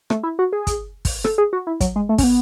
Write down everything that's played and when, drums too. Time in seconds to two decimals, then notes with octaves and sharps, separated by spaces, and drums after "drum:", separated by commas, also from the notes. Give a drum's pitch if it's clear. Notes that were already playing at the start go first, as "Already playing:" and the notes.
0.10 A3, drum: rim click
0.23 E4
0.39 F#4
0.53 G#4
0.67 drum: kick, hi-hat
1.05 drum: kick, open hi-hat
1.24 A4, drum: rim click
1.38 G#4
1.53 F#4
1.67 E4
1.80 F#3, drum: kick, hi-hat
1.96 G#3
2.09 A3
2.18 C#4, drum: kick, open hi-hat
2.24 B3